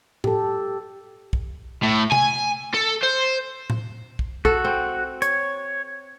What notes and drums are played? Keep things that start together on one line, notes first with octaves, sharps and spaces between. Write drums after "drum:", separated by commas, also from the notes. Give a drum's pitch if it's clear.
G4 A4, drum: tom A2
drum: kick
A2
G#5, drum: tom C3
A4
C5
drum: tom A2
drum: kick
F#4 A4, drum: kick
C4
C#5, drum: hi-hat